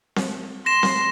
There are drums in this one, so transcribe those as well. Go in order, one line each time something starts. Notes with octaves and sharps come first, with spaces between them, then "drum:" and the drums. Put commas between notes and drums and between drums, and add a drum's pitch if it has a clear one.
drum: snare C4
C6 A#6 E7
drum: snare C4